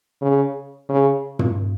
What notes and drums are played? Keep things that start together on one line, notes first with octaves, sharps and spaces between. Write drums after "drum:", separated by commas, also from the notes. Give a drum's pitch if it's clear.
C#3
C#3
drum: tom